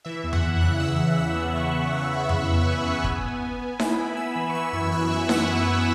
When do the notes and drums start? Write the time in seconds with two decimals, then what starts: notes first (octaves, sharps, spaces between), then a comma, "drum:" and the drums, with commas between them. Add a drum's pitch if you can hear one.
0.05 E3 E5
0.24 E2
0.33 F#5, drum: tom F2
0.42 E3 E5
0.61 C#3 F#6
0.80 E3 E6
0.99 C#3
1.17 C#3 E6
1.36 B3
1.55 B3 C#6
1.74 E3
1.92 C#3 C#6
2.11 E2 B5
2.29 E2 F#5, drum: tom F2
2.49 C#3
2.67 E2 G#5
2.86 C#3
3.04 B3, drum: kick
3.23 B3
3.42 B3
3.61 B3
3.79 E4 B5, drum: snare D#4
3.98 E4
4.17 E4 E6
4.36 E3
4.49 C#6
4.54 E3 E6
4.73 F#2 C#6
4.92 E3 F#6
5.11 E4 E5
5.29 E4 F#5, drum: snare D#4
5.47 B3
5.55 E5
5.67 B3